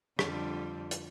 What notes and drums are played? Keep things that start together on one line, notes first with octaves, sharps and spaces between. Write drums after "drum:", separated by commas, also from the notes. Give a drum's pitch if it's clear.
F2 D3 G3, drum: rim click
drum: hi-hat